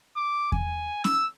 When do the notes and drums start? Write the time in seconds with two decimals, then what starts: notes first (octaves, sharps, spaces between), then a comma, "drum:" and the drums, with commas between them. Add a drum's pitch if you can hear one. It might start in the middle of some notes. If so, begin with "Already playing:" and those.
0.16 D6
0.52 G#5, drum: kick E2
1.04 E6, drum: snare